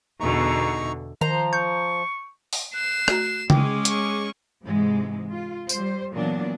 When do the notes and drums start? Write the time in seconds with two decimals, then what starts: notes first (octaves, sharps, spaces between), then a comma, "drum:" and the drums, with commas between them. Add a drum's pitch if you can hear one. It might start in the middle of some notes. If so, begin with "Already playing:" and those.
0.20 E2 B2 D3 D#4 A#5 C#6
1.21 D#3 F3 C5 A#5
1.53 C#6 G6
2.53 drum: open hi-hat
2.74 F#6 C7 E7
3.08 A3 F#4 A#5, drum: rim click
3.50 G#3 C#4 G#4 G5 D6, drum: tom C#3
3.85 C#6, drum: hi-hat
4.65 G#2 C3 E3 G#3
5.33 F4
5.69 G3 C5, drum: tambourine
6.12 A#2 E3 F#3 B3 D4